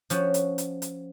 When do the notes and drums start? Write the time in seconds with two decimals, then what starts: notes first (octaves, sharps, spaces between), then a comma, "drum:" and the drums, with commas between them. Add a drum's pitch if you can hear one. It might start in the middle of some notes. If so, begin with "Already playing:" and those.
0.10 F3 C#4 F#4, drum: hi-hat
0.34 drum: hi-hat
0.58 drum: hi-hat
0.82 drum: hi-hat